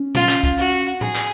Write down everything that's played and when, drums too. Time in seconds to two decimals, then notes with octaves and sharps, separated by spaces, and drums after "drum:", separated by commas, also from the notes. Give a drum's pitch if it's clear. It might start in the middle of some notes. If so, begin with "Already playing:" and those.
Already playing: C#4
0.15 F4, drum: tom A#2
0.29 drum: clap
0.43 drum: kick
0.58 F#4
1.01 G#4, drum: tom A2
1.16 drum: clap